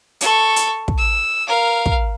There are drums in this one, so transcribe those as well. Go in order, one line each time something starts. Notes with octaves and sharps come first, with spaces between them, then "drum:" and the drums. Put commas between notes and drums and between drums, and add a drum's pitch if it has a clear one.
A4 C#6, drum: hi-hat
drum: hi-hat
drum: kick
E6
A#4 F5
drum: kick